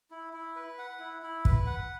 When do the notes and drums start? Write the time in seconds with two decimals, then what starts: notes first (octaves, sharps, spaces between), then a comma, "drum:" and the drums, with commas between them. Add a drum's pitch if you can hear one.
0.11 E4
0.33 E4
0.56 B4
0.78 F#5
0.99 E4
1.22 E4
1.45 B4, drum: kick
1.66 F#5